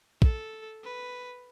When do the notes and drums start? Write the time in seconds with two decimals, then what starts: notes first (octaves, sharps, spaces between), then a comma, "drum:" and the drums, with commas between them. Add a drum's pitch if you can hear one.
0.22 A4, drum: kick
0.84 B4